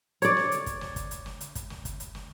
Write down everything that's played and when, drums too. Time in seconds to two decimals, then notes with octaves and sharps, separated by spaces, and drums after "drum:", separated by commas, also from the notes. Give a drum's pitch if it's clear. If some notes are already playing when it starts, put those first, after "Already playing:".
0.22 C#5 D5, drum: hi-hat
0.37 drum: snare
0.52 drum: hi-hat
0.66 drum: kick, hi-hat
0.81 drum: snare
0.96 drum: kick, hi-hat
1.11 drum: hi-hat
1.26 drum: snare
1.41 drum: hi-hat
1.55 drum: kick, hi-hat
1.70 drum: snare
1.85 drum: kick, hi-hat
2.00 drum: hi-hat
2.15 drum: snare